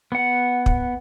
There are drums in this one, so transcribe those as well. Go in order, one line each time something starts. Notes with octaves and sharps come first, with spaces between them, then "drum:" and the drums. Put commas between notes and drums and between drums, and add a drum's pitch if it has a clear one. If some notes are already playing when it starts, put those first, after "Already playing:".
B3 F#5
drum: kick